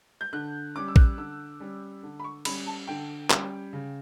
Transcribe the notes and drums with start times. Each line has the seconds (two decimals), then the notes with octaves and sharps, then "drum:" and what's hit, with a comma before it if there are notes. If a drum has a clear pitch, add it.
0.21 G6
0.33 D3 F#6
0.76 G3 C#4 D6
0.88 E6
0.96 F#6, drum: kick A#1
1.17 D3 E6
1.60 G3 C#4
2.03 D3
2.20 B5
2.24 C#6
2.45 G3 C#4 B5, drum: cymbal
2.66 A5
2.87 D3 G5
3.30 G3 C#4, drum: clap
3.73 C#3